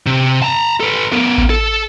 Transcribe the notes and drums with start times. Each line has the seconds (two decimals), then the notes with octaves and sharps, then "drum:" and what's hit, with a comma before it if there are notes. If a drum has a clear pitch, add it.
0.06 C3
0.42 A5 A#5
0.80 A4 B4
1.12 B3 A#4
1.38 drum: kick A1
1.50 A4